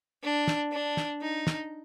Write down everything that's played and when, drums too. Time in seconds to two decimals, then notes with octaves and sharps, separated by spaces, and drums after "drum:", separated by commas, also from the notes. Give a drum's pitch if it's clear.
0.23 D4
0.47 drum: snare
0.72 D4
0.97 drum: snare
1.21 D#4
1.47 drum: snare